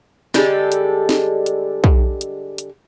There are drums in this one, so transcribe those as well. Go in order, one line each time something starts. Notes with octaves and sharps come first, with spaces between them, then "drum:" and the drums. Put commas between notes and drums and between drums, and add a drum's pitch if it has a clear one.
D3 G3 G#3 A4, drum: snare
drum: hi-hat
drum: snare
drum: hi-hat
drum: kick
drum: hi-hat
drum: hi-hat